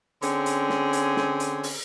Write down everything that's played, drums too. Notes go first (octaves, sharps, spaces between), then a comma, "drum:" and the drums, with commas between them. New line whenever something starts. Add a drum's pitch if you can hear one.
D3 C4 C#4 G#4, drum: hi-hat
drum: hi-hat
drum: snare
drum: hi-hat
drum: snare
drum: hi-hat
drum: open hi-hat